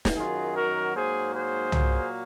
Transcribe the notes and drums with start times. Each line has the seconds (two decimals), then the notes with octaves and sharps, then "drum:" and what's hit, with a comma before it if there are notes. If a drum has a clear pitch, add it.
0.05 drum: snare
0.16 F#2 D#3 F#3 F4 G#4
0.56 F#4 A#4
0.94 G#2 F#3 A#3 G#4 C5
1.33 G#4 C5
1.72 A#2 F#3 A#3, drum: tom